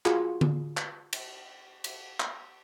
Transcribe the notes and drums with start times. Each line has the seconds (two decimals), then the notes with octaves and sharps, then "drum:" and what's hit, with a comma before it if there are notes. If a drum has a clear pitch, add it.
0.06 F4 F#4 G#4, drum: clap
0.41 drum: tom D3
0.77 drum: clap
1.13 drum: cymbal
1.84 drum: cymbal
2.20 drum: clap